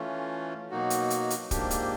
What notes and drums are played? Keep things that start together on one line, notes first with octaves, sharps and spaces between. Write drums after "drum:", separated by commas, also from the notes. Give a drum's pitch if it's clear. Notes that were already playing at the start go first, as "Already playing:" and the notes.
Already playing: E3 A3 C#4 F4
B2 F#3 A#3 D#4 F#4
drum: hi-hat
drum: hi-hat
drum: hi-hat
G#2 F3 A#3 D4 G4, drum: kick, hi-hat
drum: hi-hat